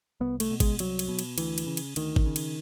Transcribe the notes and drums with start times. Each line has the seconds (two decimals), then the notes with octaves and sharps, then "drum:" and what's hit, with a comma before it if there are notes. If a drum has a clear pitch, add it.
0.20 C2 B3
0.40 A3, drum: cymbal
0.51 B2
0.60 G#3, drum: kick, cymbal
0.79 C2 F#3, drum: cymbal
0.99 drum: cymbal
1.08 B2
1.19 drum: cymbal
1.38 D2 E3, drum: cymbal
1.58 drum: cymbal
1.67 C#3
1.77 drum: cymbal
1.96 D2 D#3, drum: cymbal
2.16 drum: kick
2.26 C#3
2.36 drum: cymbal